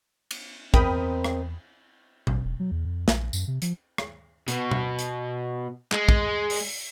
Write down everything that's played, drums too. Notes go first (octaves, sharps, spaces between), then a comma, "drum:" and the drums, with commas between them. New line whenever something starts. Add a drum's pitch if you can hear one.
drum: cymbal
E2 C4 A#4 D#5 G5 B5 D#6, drum: kick
drum: rim click
A1, drum: tom B2
E1
F#3
E2
F2
A#1, drum: snare
F#2, drum: tambourine
C3
F3, drum: hi-hat
drum: rim click
B2, drum: hi-hat
drum: tom B2
drum: hi-hat
G#3, drum: clap
drum: kick
drum: open hi-hat